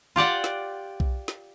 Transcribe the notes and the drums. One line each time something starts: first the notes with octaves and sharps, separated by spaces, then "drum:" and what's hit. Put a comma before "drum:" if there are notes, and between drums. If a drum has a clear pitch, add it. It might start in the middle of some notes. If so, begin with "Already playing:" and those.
F4 G4 D5 F#5
drum: snare
drum: kick B1
drum: snare